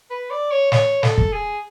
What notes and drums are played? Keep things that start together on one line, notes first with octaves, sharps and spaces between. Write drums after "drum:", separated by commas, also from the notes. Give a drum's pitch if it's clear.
B4
D5
C#5
C#5, drum: snare
A4, drum: snare
drum: kick
G#4